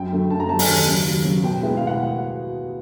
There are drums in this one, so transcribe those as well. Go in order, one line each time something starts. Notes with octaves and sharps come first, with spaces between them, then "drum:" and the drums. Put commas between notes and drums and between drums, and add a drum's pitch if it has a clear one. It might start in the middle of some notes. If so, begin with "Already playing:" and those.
Already playing: F#2 G5
D3 F#3 A3
F#2 A5
A#5
D3 F#3 A3 A5
G#5, drum: open hi-hat
D#2
C#3 F#3
D#2
C#3 F#3
B2 G5
G#3 B3 E4
B2 F5
F#5